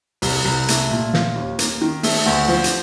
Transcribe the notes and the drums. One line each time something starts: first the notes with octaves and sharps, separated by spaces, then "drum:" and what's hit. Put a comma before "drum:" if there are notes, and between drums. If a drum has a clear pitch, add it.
C2, drum: open hi-hat
C2
A3, drum: hi-hat
A#2
F4, drum: snare
D#2
A#3, drum: hi-hat
D#3
A3, drum: open hi-hat
D2
F3
drum: hi-hat